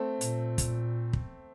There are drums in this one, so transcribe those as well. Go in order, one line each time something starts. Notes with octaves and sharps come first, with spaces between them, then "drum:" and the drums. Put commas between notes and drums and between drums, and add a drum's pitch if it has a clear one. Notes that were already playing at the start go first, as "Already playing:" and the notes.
Already playing: A3 C4
A#2, drum: hi-hat
drum: kick, hi-hat
drum: kick